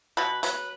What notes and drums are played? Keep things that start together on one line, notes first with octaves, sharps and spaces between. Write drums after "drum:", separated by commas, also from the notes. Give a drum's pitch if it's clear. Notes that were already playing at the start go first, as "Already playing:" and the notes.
B2 B4
F#3 B4, drum: hi-hat